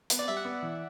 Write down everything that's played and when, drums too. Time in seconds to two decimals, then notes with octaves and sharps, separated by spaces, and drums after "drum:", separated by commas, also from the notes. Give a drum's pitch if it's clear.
0.10 B3, drum: hi-hat
0.19 D5
0.28 G3 E5
0.37 F#5
0.45 B3
0.63 E3